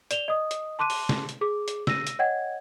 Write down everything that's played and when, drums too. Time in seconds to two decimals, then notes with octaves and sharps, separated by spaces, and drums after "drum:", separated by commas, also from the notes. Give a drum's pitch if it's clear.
0.11 D5 E7 F7 G7, drum: hi-hat
0.28 D#5 D#6
0.51 drum: hi-hat
0.79 A5 C6 D6 F#6 D#7
0.90 drum: open hi-hat
1.09 drum: snare
1.29 drum: hi-hat
1.41 G#4 D6
1.68 drum: hi-hat
1.87 E6 A#6 D#7, drum: snare
2.07 drum: hi-hat
2.19 C#5 D#5 F#5 G5 G#6